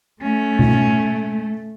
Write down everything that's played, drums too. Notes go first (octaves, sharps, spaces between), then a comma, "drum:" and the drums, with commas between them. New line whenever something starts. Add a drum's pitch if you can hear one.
A3 C#4
drum: tom B2